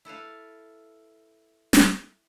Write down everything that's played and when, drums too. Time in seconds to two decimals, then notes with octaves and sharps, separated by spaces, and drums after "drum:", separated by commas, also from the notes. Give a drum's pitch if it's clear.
0.05 E4 A4 B4 F5
1.73 drum: snare